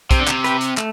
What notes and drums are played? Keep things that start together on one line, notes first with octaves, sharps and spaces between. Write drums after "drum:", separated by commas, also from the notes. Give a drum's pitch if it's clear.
C3 C4, drum: kick, hi-hat
D3
C3, drum: clap
G4 B4, drum: hi-hat
drum: hi-hat
A3, drum: clap